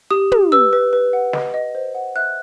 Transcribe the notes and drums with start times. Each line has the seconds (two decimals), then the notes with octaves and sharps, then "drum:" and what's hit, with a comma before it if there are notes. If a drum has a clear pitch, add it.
0.11 G4 D#6
0.32 G4, drum: tom
0.52 B4 E6
0.73 B4
0.93 B4
1.13 F#5
1.33 D#5, drum: snare
1.54 D#5
1.75 C5
1.95 F#5
2.16 E5 F#6